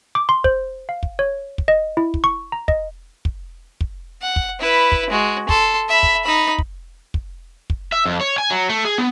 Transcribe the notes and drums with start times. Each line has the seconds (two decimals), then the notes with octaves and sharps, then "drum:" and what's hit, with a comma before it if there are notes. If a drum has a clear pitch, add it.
0.15 D6
0.29 C6
0.44 C5, drum: kick
0.89 F5
1.03 drum: kick
1.19 C#5
1.58 drum: kick
1.68 D#5
1.97 E4
2.14 drum: kick
2.24 C#6
2.52 A#5
2.68 D#5, drum: kick
3.25 drum: kick
3.81 drum: kick
4.22 F#5
4.36 drum: kick
4.60 E4 B4
4.92 drum: kick
5.10 G#3 F#4
5.49 A4 C6, drum: kick
5.89 E5 B5
6.03 drum: kick
6.24 D#4 B5
6.58 drum: kick
7.14 drum: kick
7.70 drum: kick
7.92 E5
8.05 F2
8.21 C#5
8.38 G#5
8.50 F#3
8.69 A3
8.85 G#4
8.98 B3